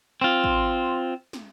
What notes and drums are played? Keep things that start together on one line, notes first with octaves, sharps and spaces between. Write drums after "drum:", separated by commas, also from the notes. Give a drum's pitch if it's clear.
C4 F4
drum: kick
drum: snare